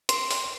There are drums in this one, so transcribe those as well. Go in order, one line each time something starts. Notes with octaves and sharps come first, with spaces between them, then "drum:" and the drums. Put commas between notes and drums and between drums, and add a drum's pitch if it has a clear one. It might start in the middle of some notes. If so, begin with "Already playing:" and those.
C6, drum: hi-hat
drum: open hi-hat